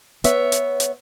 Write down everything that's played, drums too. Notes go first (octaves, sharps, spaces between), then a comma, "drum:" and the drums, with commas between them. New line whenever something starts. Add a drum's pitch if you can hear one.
B3 C#5 E5, drum: hi-hat
drum: hi-hat
drum: hi-hat